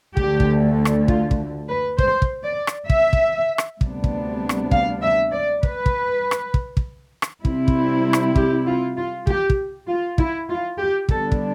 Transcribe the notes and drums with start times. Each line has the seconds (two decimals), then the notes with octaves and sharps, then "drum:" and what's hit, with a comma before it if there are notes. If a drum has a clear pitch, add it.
0.17 D2 D3 A3 G4, drum: kick
0.40 drum: kick
0.85 drum: rim click
1.08 F4, drum: kick
1.31 drum: kick
1.69 B4
1.98 C5, drum: kick
2.22 drum: kick
2.44 D5
2.67 drum: rim click
2.90 E5, drum: kick
3.13 drum: kick
3.58 drum: rim click
3.81 D2 C3 G3 B3 D4, drum: kick
4.04 drum: kick
4.49 drum: rim click
4.71 F5, drum: kick
5.02 E5
5.32 D5
5.63 B4, drum: kick
5.86 drum: kick
6.31 drum: rim click
6.54 drum: kick
6.77 drum: kick
7.22 drum: rim click
7.45 C3 G3 C4 E4, drum: kick
7.68 drum: kick
8.13 drum: rim click
8.36 G4, drum: kick
8.66 F4
8.97 F4
9.27 G4, drum: kick
9.50 drum: kick
9.88 F4
10.18 E4, drum: kick
10.49 F4
10.78 G4
11.09 D3 G3 B3 D4 A4, drum: kick
11.32 drum: kick